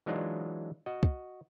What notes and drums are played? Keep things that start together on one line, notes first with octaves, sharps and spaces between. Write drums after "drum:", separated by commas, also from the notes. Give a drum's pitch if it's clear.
E3 F#3 G#3 D4 D#4 F4
F#4 D#5
drum: kick